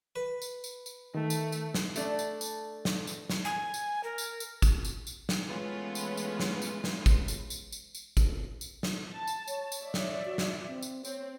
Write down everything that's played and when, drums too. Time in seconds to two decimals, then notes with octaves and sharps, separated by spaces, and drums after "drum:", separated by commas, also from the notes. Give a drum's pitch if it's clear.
0.16 B4
0.42 drum: tambourine
0.64 drum: tambourine
0.86 drum: tambourine
1.15 D#3 A3
1.30 drum: tambourine
1.52 drum: tambourine
1.74 drum: snare
1.96 A3 D4, drum: tambourine
2.19 drum: tambourine
2.41 drum: tambourine
2.85 drum: snare
3.07 drum: tambourine
3.30 drum: snare
3.45 G#5
3.74 drum: tambourine
4.04 A#4
4.18 drum: tambourine
4.40 drum: tambourine
4.62 drum: kick G#1, tambourine
4.85 drum: tambourine
5.07 drum: tambourine
5.29 drum: snare
5.47 E3 G#3 A3 B3 C#4 F4
5.95 drum: tambourine
6.17 drum: tambourine
6.40 drum: snare
6.62 drum: tambourine
6.84 drum: snare
7.06 drum: kick G#1, tambourine
7.28 drum: tambourine
7.50 drum: tambourine
7.72 drum: tambourine
7.95 drum: tambourine
8.17 drum: kick G#1, tambourine
8.61 drum: tambourine
8.83 drum: snare
9.13 A5
9.27 drum: tambourine
9.48 C#5, drum: tambourine
9.72 drum: tambourine
9.83 D5 E5
9.94 drum: snare
10.25 F#4
10.38 drum: snare
10.68 C4
10.82 drum: tambourine
11.05 C4 C#5, drum: tambourine